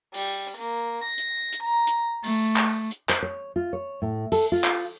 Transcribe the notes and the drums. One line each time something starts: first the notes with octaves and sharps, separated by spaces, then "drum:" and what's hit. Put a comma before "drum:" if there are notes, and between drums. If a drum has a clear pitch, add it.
G3, drum: open hi-hat
A#3
A#6
drum: hi-hat
drum: hi-hat
A#5
drum: hi-hat
A3, drum: open hi-hat
drum: clap
drum: hi-hat
C5, drum: clap
C#5
F4
C#5
A2
A4, drum: open hi-hat
F4
drum: clap